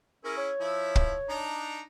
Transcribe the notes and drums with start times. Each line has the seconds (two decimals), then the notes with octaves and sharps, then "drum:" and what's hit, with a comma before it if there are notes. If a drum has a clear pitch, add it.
0.25 C#4 E4 G#4 A#4
0.37 C#5
0.61 F3 E4 E5
0.95 drum: kick
1.29 D4 D#4 A#5